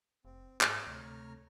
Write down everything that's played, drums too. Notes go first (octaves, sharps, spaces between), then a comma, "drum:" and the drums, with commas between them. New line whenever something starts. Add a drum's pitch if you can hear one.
F1 C4
G#2 C#5 F6, drum: clap
D2 C3 A3 A#5